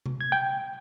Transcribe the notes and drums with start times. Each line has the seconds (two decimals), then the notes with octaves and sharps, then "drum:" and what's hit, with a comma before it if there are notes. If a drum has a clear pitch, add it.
0.06 drum: tom C3
0.21 G#6
0.32 G5